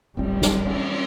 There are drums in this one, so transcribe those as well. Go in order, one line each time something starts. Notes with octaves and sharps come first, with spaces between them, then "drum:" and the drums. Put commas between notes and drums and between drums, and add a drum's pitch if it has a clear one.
D1 G#1 G3 C4, drum: cymbal
drum: snare
drum: cymbal
drum: cymbal